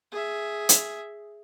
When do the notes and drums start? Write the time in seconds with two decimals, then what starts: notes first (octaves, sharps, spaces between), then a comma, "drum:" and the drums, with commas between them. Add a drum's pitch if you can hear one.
0.12 G#4 E5
0.69 drum: hi-hat